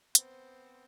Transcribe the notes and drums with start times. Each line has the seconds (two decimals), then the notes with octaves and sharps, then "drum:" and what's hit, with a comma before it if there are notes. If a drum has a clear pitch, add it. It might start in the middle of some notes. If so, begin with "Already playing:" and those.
0.15 B3 C4 C5, drum: hi-hat